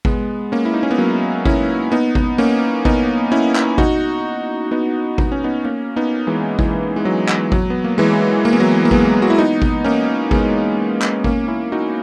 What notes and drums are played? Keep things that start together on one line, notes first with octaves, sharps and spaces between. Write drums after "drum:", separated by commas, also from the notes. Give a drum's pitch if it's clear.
G#3 B3, drum: kick G#1
A#3 C#4
E4
D#4
C#4
B3
F#3 A#3
C#4 E4, drum: kick G#1
B3 D#4
drum: kick G#1
A#3 C#4
B3 D#4, drum: kick G#1
C#4 E4
drum: clap
D#4 F#4, drum: kick G#1
B3 D#4
D#4, drum: kick G#1
C#4
B3 D#4
A#3 C#4
B3 D#4
E3 G#3
E3, drum: kick G#1
G#3
F#3
drum: clap
F#3, drum: kick G#1
B3
A#3
E3 G#3
A#3
B3
F#3 A#3
A#3
G#3 B3, drum: kick G#1
F#4
E4
B3 D#4
drum: kick G#1
A#3 C#4
G#3 B3, drum: kick G#1
drum: clap
A#3 C#4, drum: kick G#1
C#4 E4
D#4 F#4